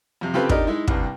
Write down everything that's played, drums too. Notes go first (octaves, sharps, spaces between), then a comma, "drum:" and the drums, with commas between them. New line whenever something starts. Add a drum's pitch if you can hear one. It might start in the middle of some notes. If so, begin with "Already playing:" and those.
F2 C3
C#3 C4 F4 G4 A4 B4
D4 D#4 G4 A#4 D#5, drum: kick
G#3 D#4 E4
C2 G2, drum: kick